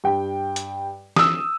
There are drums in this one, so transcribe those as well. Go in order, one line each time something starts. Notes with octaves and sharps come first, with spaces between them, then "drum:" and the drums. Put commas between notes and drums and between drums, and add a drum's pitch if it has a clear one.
G2 G5
drum: hi-hat
D#6 E6, drum: snare